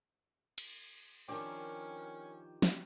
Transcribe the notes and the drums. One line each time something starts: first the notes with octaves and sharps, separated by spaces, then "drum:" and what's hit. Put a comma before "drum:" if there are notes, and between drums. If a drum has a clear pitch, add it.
drum: cymbal
D#3 F3 C#4 D4 G4 A#4
drum: snare